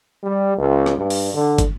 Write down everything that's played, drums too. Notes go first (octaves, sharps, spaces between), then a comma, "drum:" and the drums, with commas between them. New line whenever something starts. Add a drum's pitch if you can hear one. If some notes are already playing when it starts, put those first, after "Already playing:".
G3
C#2
drum: rim click
G2
drum: open hi-hat
D3
drum: kick, hi-hat